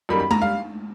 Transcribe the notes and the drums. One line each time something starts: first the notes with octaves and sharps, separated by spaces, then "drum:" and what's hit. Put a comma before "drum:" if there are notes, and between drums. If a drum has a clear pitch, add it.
F#2 D#3 G3 A#3 B5
B5
A#5, drum: tom G#3
G3 F5